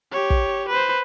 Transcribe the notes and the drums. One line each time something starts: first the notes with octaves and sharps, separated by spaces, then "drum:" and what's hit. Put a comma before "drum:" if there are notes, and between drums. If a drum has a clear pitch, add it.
G4 C#5
drum: kick
B4 C5